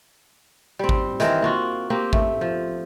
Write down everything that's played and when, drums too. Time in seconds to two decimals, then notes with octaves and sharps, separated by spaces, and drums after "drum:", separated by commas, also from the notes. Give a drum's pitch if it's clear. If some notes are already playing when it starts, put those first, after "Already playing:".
0.79 G3 C4
0.89 drum: kick G#1
1.20 D#3 E3 C4 A#4, drum: hi-hat
1.42 A#3 F4 F#4
1.90 A#3 C4 G4
2.13 A3, drum: kick G#1
2.41 F3